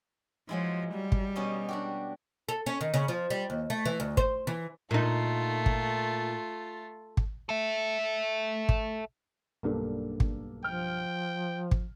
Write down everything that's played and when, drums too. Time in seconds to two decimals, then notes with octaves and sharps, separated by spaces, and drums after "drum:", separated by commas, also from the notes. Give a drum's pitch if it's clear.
0.49 F3 F#3 G#3 E4
0.95 G3
1.12 drum: kick
1.36 B2 C#4 D#5
1.69 D4 F#4 G4
2.49 A4
2.66 C#4
2.81 D#3
2.94 C#3
3.08 F3
3.30 G3
3.50 D#2
3.70 A3
3.85 E3
4.00 D2
4.17 C5, drum: kick
4.47 E3
4.91 A#2 A3 D#4 F4
5.66 drum: kick
7.17 drum: kick
7.49 A4 E5
8.69 drum: kick
9.63 B1 G2 A#3 D4 A4
10.20 drum: kick
10.64 F3 G5 F6
11.71 drum: kick